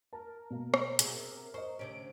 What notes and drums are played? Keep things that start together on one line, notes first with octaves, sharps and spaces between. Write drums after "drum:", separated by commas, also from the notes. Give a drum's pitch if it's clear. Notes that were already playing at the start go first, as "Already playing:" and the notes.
A#4 A5
B2 A#3
drum: rim click
C3 F#4 G#4, drum: hi-hat
C5 D#5 C#6
D2 C3 C#4 D7